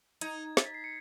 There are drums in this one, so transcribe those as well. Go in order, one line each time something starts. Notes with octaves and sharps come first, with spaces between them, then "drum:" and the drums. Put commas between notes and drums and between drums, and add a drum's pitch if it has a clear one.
D#4 G#6, drum: hi-hat
A6, drum: snare
B6
C7
C#7